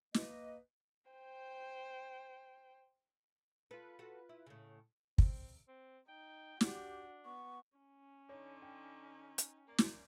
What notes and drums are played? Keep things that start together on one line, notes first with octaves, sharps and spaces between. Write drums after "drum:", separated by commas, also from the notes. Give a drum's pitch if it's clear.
A#3 B4 D#5, drum: snare
C5 G5
F4 A4 B4
F#4 A4
E4
A2 C#3
C4, drum: kick
C4
D#4 G5
D4 F#4 G4, drum: snare
B3 C#6
C#4
D3 D#4 C#5
G5
drum: hi-hat
A#3 D5
drum: snare